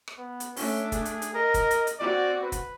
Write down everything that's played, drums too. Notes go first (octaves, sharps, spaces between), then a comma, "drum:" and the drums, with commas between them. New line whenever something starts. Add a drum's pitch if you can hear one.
drum: rim click
B3
drum: hi-hat
A3 C#4 D4, drum: open hi-hat
G#4, drum: kick, hi-hat
drum: hi-hat
drum: hi-hat
A#4 D#5
drum: kick, hi-hat
drum: hi-hat
drum: hi-hat
C4 F#4 D5
B4
drum: kick, hi-hat